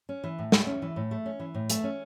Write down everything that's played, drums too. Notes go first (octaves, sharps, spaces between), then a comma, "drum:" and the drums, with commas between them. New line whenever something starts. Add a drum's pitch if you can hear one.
C#4
E3
A2
A3, drum: snare
C#4
E3
A2
A3
C#4
E3
A2
A3, drum: hi-hat
C#4